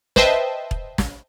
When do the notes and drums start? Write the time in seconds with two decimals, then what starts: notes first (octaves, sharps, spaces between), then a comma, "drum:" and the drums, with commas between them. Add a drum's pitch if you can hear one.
0.16 B4 C5 D#5 E5 G5 A5, drum: snare
0.71 drum: kick E1
0.98 drum: snare